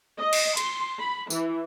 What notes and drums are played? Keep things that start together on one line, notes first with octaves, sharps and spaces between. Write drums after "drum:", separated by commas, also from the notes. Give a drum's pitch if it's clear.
D#5
drum: cymbal
C6, drum: hi-hat
B5
E3, drum: tambourine